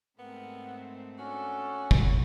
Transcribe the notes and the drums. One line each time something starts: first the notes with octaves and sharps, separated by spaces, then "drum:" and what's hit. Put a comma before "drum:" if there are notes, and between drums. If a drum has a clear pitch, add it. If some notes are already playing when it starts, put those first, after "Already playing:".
G#2 A3 B3 C4 A#4
C#4 D4 F#4 A4
drum: kick